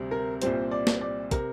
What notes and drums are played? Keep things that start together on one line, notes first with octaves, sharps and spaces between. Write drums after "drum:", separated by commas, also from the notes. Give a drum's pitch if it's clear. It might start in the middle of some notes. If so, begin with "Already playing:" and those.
Already playing: D2 C3 G3 C4
A#4
C2 A#2 G3 C4 C5, drum: hi-hat
D5
drum: snare
D5
C3 A#4, drum: kick, hi-hat